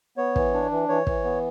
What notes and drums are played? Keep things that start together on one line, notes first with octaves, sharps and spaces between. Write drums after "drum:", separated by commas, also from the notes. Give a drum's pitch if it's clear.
B3 C#5
E3, drum: kick
D4
E3
E3 C#5
E3, drum: kick
B3